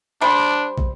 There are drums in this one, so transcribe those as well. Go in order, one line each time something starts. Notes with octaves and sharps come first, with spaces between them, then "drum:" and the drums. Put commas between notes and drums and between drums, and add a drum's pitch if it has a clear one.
G3 D4 C5
drum: kick